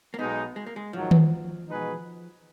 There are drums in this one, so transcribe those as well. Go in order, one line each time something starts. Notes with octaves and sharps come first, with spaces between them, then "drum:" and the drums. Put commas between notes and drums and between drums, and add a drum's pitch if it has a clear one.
A#3
B1 B2 G#3 B3 D#4
G#3
A#3
G#3
G#2 D#3 F3 F#3
drum: tom D#3
B2 G#3 D#4 G#4 B4